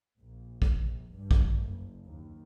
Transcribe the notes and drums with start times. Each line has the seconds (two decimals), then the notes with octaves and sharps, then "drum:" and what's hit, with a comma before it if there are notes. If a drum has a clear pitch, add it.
0.19 A#1
0.62 drum: kick
0.80 A#1
1.13 G2
1.31 drum: kick
1.64 F#1
2.08 D#2